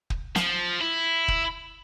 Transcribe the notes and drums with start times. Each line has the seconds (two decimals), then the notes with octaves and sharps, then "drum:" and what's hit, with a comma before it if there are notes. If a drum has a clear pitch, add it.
0.10 drum: kick
0.35 F3, drum: snare
0.81 E4
1.28 drum: kick